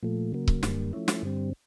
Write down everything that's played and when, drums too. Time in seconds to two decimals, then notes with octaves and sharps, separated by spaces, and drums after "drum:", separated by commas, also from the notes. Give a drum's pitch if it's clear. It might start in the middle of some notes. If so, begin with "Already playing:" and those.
0.03 A#2 F3 A3
0.32 C#3 F#3 A#3
0.48 drum: kick C#1
0.63 F#2 D3 G3 A#3, drum: snare
0.93 F3 A3 C#4 E4
1.08 drum: snare
1.23 G2 D3 G3 C4